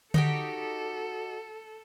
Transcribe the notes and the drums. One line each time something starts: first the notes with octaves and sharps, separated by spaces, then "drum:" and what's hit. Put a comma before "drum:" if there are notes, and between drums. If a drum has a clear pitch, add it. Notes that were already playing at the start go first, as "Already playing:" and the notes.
D#4 F#4 G4 A4, drum: tom D3